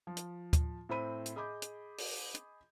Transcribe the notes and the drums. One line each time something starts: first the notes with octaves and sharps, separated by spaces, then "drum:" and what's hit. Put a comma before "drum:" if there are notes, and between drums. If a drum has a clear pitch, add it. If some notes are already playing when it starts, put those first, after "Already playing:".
F3
drum: hi-hat
drum: kick D2, hi-hat
A2 C4 C5 B5 D#7
drum: hi-hat
G#4 D#5 B5 D6 G6
drum: hi-hat
drum: open hi-hat
drum: hi-hat